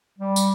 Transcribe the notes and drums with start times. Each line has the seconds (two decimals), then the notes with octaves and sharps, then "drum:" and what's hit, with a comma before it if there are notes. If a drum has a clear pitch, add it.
0.19 G3
0.36 drum: tambourine